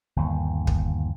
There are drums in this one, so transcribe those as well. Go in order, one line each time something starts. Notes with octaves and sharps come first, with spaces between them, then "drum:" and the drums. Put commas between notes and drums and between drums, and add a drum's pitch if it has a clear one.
G1 D#2
drum: kick